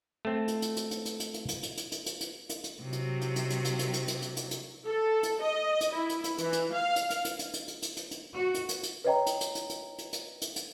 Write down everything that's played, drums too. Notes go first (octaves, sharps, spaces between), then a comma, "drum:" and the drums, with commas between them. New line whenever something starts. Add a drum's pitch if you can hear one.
A3 C4
drum: hi-hat
drum: hi-hat
drum: hi-hat
drum: hi-hat
drum: hi-hat
drum: hi-hat
drum: hi-hat
drum: hi-hat
drum: hi-hat
drum: hi-hat
drum: hi-hat
drum: hi-hat
drum: hi-hat
drum: hi-hat
drum: hi-hat
C3 F#3
drum: hi-hat
drum: hi-hat
drum: hi-hat
drum: hi-hat
drum: hi-hat
drum: hi-hat
drum: hi-hat
drum: hi-hat
drum: hi-hat
drum: hi-hat
drum: hi-hat
A4
drum: hi-hat
D#5
drum: hi-hat
E4
drum: hi-hat
drum: hi-hat
E3, drum: hi-hat
drum: hi-hat
F5
drum: hi-hat
drum: hi-hat
drum: hi-hat
drum: hi-hat
drum: hi-hat
drum: hi-hat
drum: hi-hat
drum: hi-hat
drum: hi-hat
F#4
drum: hi-hat
drum: hi-hat
drum: hi-hat
B4 C#5 D#5 G5 A#5
drum: hi-hat
drum: hi-hat
drum: hi-hat
drum: hi-hat
drum: hi-hat
drum: hi-hat
drum: hi-hat
drum: hi-hat